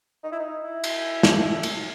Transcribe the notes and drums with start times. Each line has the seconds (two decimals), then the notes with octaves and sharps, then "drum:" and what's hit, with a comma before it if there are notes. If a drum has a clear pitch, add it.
0.24 D#4
0.32 E4
0.39 D#4
0.64 E4
0.84 drum: cymbal
1.23 drum: snare
1.63 drum: cymbal